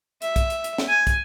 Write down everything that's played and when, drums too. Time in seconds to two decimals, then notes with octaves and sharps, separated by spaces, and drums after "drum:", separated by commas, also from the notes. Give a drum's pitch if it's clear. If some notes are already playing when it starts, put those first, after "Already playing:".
0.22 E5, drum: hi-hat
0.36 drum: kick, hi-hat
0.50 drum: hi-hat
0.64 drum: hi-hat
0.78 drum: snare
0.89 G#5
1.07 drum: kick, hi-hat